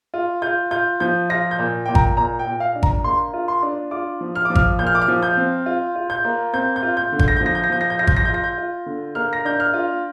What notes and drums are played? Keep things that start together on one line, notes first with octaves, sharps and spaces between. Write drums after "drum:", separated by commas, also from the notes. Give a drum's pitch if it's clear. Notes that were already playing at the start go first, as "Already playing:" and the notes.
F4
F4 G6
F4 G6
F3 G6
F4 A#6
G6
A#2
A#2 G5
A#5, drum: kick G#1
A#2 A#5
G5
A#2
F5
D4
A#5, drum: kick G#1
A#3 C6
F4
C6
D4
F4 D6
F3
F6
F3 D6
F6, drum: kick G#1
A#2 G6
F6
D6
F6
F3
G6
C4
F4
F4
G6
A#3
C4 G6
G6
F4
G6
D3
G6, drum: kick G#1
A#6
G6
F3
A#6
G6
A#6
F3 G6
A#6
G6
F4 A#6
G6, drum: kick G#1
A#6
F4 G6
A#6
G6
F4
D3
A#3 F6
A#6
D4 G6
F6
F4